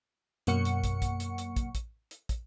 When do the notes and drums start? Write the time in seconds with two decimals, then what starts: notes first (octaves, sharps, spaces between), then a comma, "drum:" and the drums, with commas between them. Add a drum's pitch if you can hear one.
0.47 F#2 B2 A#3 F#5 C#6 C#7, drum: hi-hat
0.65 drum: hi-hat
0.84 drum: kick, hi-hat
1.02 drum: kick, hi-hat
1.20 drum: hi-hat
1.38 drum: hi-hat
1.56 drum: kick, hi-hat
1.75 drum: kick, hi-hat
2.11 drum: hi-hat
2.29 drum: kick, hi-hat